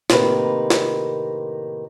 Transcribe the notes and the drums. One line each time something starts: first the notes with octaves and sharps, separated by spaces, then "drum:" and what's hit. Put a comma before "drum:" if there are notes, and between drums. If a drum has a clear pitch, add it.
A2 C3 D#3 A#3 B4, drum: snare
drum: snare